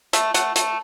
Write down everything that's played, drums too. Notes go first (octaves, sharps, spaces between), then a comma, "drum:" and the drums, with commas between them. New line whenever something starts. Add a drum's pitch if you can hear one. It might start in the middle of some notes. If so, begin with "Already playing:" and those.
A3 E5, drum: hi-hat
A3 F#5, drum: hi-hat
A3, drum: hi-hat